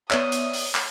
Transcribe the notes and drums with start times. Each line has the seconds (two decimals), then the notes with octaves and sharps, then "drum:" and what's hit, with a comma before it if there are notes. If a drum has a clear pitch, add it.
0.11 B3 C#5 D5 E5 D#6, drum: clap
0.32 drum: hi-hat
0.53 drum: open hi-hat
0.75 drum: clap